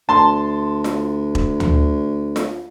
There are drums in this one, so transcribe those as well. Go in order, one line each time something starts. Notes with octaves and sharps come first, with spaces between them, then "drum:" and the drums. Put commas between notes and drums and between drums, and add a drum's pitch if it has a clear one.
D2 A5 C6
drum: snare F4
drum: kick E1
drum: tom D2
drum: snare F4